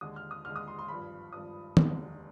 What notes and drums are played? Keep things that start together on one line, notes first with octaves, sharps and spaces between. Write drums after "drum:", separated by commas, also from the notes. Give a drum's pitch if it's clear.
D#2 D3 G#3 D#6
F6
D#6
D#2 D3 G#3 F6
D#6
C6
C6
G#1 G2 F3 B5
G#1 G2 F3 D#6
F1 D#2 D3 G#3, drum: tom